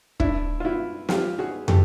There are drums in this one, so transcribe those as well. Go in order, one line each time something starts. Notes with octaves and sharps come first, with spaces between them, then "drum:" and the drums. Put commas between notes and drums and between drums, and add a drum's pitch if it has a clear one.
D4 E4, drum: kick
F4
E4 F#4
F4 G4, drum: snare
F#4 G#4
G4 A4, drum: tom